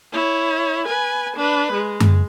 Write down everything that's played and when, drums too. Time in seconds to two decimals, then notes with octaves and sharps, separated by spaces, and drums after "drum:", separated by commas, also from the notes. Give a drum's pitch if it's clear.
0.13 E4 C#5
0.87 B4 G#5
1.36 D4 B4
1.73 G#3
2.00 drum: tom F#2